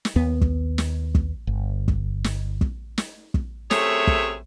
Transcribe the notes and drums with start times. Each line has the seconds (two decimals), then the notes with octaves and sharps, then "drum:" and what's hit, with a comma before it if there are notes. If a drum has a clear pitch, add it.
0.05 drum: snare
0.16 D#2 B3
0.41 drum: kick
0.78 drum: snare
1.15 drum: kick
1.47 G1
1.88 drum: kick
2.24 drum: snare
2.61 drum: kick
2.98 drum: snare
3.34 drum: kick
3.71 F#2 C3 A3 G#4 C#5 E5, drum: snare
4.07 drum: kick